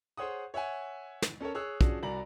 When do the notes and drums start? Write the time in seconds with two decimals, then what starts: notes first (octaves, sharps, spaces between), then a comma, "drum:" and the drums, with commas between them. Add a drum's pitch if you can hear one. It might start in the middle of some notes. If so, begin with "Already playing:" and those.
0.17 G#4 C5 C#5 F#5 D#6
0.54 C#5 E5 F#5 G#5
1.22 drum: snare
1.40 C#4 A4 A#4 C#5
1.55 G#4 C#5 E6 F#6
1.81 F3 C#4 D4 F#4 G#4, drum: kick
2.02 C2 F#4 D5 A#5 B5 F#7